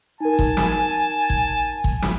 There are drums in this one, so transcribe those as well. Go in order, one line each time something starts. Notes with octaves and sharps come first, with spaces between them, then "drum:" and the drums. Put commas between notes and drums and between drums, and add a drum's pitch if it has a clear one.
D#4 A#4 G#5 A5
drum: kick
drum: snare
drum: kick
drum: kick
drum: snare